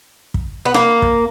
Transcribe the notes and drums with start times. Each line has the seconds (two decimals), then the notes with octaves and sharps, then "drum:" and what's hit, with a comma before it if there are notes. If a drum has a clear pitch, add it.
0.34 drum: kick
0.65 B3
0.74 A#3, drum: rim click
1.02 drum: kick